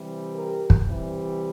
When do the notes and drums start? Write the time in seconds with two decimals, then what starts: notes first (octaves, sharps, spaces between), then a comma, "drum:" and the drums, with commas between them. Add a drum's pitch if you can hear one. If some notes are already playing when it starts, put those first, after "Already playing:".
Already playing: C3 E3 G3
0.35 G4 A#4
0.70 drum: kick
0.87 C3 E3 G3